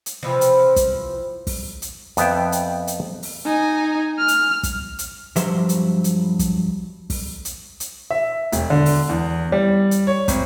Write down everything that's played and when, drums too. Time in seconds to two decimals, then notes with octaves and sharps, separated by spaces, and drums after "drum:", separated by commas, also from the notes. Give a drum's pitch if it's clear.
0.06 drum: hi-hat
0.23 C3 E3 F3
0.41 drum: hi-hat
0.76 drum: kick, hi-hat
1.47 drum: kick, open hi-hat
1.82 drum: hi-hat
2.17 F2 B3 E5 G5, drum: hi-hat
2.52 drum: hi-hat
2.87 drum: hi-hat
3.23 drum: open hi-hat
3.46 D#4 G#5
4.19 F6
4.28 drum: hi-hat
4.63 drum: kick, hi-hat
4.99 drum: hi-hat
5.36 G2 F3 F#3 G4 C5 E5, drum: hi-hat
5.69 drum: hi-hat
6.04 drum: hi-hat
6.39 drum: kick, hi-hat
7.10 drum: kick, open hi-hat
7.45 drum: hi-hat
7.80 drum: hi-hat
8.11 E5
8.52 E1, drum: hi-hat
8.70 D3
8.86 drum: open hi-hat
9.09 E2
9.52 G3
9.91 drum: hi-hat
10.07 C#5
10.28 G#1, drum: kick, hi-hat